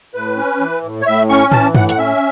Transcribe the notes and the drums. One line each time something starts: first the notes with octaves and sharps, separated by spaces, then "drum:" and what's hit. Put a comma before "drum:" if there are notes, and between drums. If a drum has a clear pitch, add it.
A2 B4
C#4
E3
A2
C#5
A2 E5
C#4 C#6
E3 A5, drum: tom A2
A2 F#5, drum: tom G2
F#5, drum: hi-hat
C#4 E5